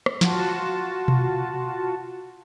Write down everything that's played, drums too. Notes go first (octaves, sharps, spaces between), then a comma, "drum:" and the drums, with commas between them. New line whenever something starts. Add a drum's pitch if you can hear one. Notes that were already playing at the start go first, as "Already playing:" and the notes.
drum: rim click
F4 F#4 A5, drum: snare
drum: tom B2